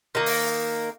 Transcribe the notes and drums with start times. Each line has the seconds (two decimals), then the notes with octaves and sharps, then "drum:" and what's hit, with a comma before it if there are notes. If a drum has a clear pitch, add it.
0.15 D#3 A#3
0.26 drum: open hi-hat